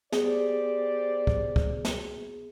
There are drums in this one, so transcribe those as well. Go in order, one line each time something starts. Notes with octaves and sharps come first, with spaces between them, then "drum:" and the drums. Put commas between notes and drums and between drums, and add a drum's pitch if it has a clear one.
B3 G4 G#4 C5 D5, drum: snare
drum: kick
drum: kick
drum: snare